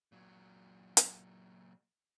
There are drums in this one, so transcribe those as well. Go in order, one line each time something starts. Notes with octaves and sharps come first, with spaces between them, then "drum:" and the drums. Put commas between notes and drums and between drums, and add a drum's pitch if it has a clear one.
A#2 F#3
drum: hi-hat